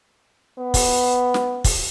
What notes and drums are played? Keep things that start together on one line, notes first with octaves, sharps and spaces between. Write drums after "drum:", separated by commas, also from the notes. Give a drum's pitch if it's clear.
B3
drum: kick, open hi-hat
drum: snare
drum: kick, open hi-hat